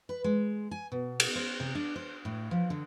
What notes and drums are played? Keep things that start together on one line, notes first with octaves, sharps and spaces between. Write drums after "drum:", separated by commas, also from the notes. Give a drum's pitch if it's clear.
B4
G#3
G#5
B2
drum: cymbal
C5
C3
D4
C5
A2
F3
D3